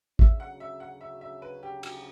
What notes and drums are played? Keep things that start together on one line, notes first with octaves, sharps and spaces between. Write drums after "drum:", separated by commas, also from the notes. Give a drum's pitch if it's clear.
D2 C#3 F#3 C#4 E5, drum: kick
F#5
E5
F#5
E5
E5
B4
G4
G4, drum: cymbal